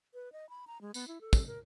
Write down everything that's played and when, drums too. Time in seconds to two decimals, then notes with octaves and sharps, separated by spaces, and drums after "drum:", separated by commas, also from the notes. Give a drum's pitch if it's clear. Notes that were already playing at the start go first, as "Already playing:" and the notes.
0.14 B4
0.32 D#5
0.49 B5
0.67 A#5
0.81 G#3
0.94 B3, drum: tambourine
1.08 E4
1.21 A4
1.33 drum: kick, tambourine
1.47 A#4